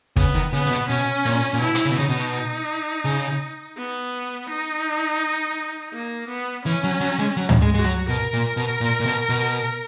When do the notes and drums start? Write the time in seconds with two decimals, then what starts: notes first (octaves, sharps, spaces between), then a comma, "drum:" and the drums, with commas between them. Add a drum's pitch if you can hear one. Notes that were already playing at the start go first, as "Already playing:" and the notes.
0.16 C#3 B3, drum: kick
0.34 D#3
0.53 C#3 B3
0.66 C#3
0.71 B2
0.89 B2 C#4
1.26 A#2
1.54 A#2
1.60 B2 E4
1.75 drum: hi-hat
1.86 C#3
1.91 B2
1.97 C#3 D#4
2.09 B2
3.05 C#3
3.77 B3
4.49 D#4
5.93 A#3
6.29 B3
6.65 E3 C#4
6.84 F#3
7.01 F#3
7.19 G#3
7.37 F#3
7.49 drum: tom
7.62 G#3
7.74 G#3 F#4
7.85 F#3
8.09 B2 A#4
8.34 A#2
8.57 B2
8.81 A#2
9.00 A#2
9.06 B2
9.29 B2